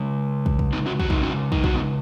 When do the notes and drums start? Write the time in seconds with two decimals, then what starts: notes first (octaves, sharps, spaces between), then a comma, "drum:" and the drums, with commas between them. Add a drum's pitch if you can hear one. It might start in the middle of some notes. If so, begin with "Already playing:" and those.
Already playing: C#3 G#3
0.46 drum: kick
0.59 drum: kick
0.73 B3 D#4
0.86 C#4 F#4
1.00 F#4, drum: kick
1.10 C#3 G#3 D#4, drum: kick
1.22 C#4 F#4
1.52 D#4, drum: kick
1.64 F#4, drum: kick
1.74 B3 D#4